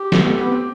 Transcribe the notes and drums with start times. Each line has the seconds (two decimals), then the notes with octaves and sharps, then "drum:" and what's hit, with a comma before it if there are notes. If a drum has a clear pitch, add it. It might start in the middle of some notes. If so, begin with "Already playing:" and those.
Already playing: G4
0.12 A3, drum: snare
0.25 A3
0.38 B3
0.52 C4